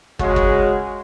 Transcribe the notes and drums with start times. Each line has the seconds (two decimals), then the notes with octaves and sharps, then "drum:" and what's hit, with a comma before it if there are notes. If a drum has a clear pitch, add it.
0.19 C#3 G#3 C#4 F#4, drum: kick
0.36 drum: kick